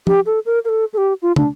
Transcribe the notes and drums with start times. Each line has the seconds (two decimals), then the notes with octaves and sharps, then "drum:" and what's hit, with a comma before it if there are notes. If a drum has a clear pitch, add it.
0.07 G4, drum: tom
0.26 A4
0.46 A#4
0.65 A#4
0.69 A4
0.93 A4
0.97 G4
1.22 F4
1.36 D4, drum: tom